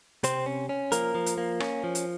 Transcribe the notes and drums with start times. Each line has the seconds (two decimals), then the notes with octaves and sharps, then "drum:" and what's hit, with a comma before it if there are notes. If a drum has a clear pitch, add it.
0.23 C3 C4 C5, drum: hi-hat
0.46 C#4
0.69 C#4
0.92 F3 A#3 A#4, drum: hi-hat
1.15 F3
1.26 drum: hi-hat
1.38 A#3
1.60 C#4, drum: rim click
1.84 F3
1.95 drum: hi-hat